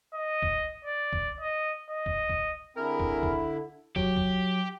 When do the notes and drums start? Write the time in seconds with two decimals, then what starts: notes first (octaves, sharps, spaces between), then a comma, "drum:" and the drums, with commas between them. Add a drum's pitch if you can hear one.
0.14 D#5
0.43 drum: kick
0.85 D5
1.13 drum: kick
1.41 D#5
1.91 D#5
2.06 drum: kick
2.30 drum: kick
2.76 D3 C4 E4 G#4 A#4
3.00 drum: kick
3.23 drum: kick
3.96 F#3 G4, drum: kick
4.16 drum: kick